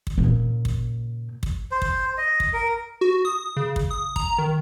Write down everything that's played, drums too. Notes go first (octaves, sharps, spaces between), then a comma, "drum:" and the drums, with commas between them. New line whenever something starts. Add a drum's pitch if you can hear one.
drum: kick
A#2 C#3
drum: kick
drum: kick
C5
drum: kick
D#5
drum: kick
A#4
F#4
D#6
C#3
drum: kick
D#6
A#5, drum: kick
D#3